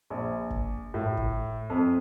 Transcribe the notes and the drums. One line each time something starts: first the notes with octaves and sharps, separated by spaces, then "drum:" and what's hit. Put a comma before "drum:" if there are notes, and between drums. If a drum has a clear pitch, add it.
A#1
drum: kick G1
A2
drum: kick G1
F2